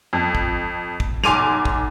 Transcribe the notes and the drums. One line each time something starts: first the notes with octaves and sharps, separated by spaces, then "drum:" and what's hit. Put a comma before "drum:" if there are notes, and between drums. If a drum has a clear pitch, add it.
F2
drum: kick
drum: kick
B1 G#5 C6 D6 D#7 F7, drum: snare
drum: kick